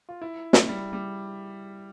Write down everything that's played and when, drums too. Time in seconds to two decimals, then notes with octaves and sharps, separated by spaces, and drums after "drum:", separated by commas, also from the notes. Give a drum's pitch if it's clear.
0.09 F4
0.22 E4
0.53 drum: snare
0.69 G3
0.93 G3